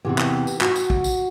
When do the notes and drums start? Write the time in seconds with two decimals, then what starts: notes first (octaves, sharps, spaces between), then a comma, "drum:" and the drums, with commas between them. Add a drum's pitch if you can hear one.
0.05 E2 C3 E3 G4
0.18 drum: clap
0.47 drum: tambourine
0.61 F#4, drum: clap
0.76 drum: tambourine
0.90 drum: kick
1.04 drum: tambourine